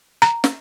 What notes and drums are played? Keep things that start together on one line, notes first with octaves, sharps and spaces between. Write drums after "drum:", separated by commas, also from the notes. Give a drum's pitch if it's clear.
A#5
drum: snare